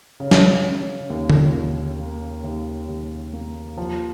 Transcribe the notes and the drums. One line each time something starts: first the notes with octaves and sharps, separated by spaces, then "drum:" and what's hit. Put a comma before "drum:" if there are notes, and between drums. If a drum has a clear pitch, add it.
C#3
drum: snare
C#3
D#2
drum: tom D3
D#2
A#3
D#2
D#2
A#3
F3